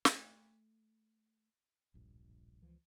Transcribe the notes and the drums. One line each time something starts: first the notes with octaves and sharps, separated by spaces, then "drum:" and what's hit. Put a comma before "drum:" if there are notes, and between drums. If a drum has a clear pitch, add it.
A3, drum: snare
D1 A#1 G2
C#2 E3 F3